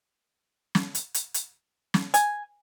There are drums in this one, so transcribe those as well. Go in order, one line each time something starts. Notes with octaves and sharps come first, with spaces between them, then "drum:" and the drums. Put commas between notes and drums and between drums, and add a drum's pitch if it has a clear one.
drum: snare
drum: hi-hat
drum: hi-hat
drum: hi-hat
drum: snare
G#5, drum: hi-hat